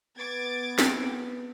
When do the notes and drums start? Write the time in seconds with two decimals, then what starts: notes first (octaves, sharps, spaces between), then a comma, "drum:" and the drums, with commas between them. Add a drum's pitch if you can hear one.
0.18 B3 D6 G#6 A6
0.79 drum: snare